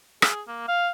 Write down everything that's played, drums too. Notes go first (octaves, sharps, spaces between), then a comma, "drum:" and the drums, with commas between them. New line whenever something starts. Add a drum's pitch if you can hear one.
G#4, drum: rim click
A#3
F5